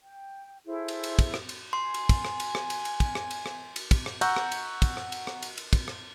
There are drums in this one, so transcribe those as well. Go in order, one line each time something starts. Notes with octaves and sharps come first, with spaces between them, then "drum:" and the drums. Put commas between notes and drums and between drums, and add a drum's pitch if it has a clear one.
G5
E4 G#4 A4 C5
drum: cymbal
drum: cymbal
drum: kick, cymbal
drum: rim click
drum: cymbal
G#5 C6
drum: cymbal
drum: kick, cymbal
drum: rim click
drum: cymbal
drum: rim click
drum: cymbal
drum: cymbal
drum: kick, cymbal
drum: rim click
drum: cymbal
drum: rim click
drum: cymbal
drum: kick, cymbal
drum: rim click
F#5 A#5 C#6 E6 F#6 G6, drum: cymbal
drum: rim click
drum: cymbal
drum: kick, cymbal
drum: rim click
drum: cymbal
drum: rim click
drum: cymbal
drum: cymbal
drum: kick, cymbal
drum: rim click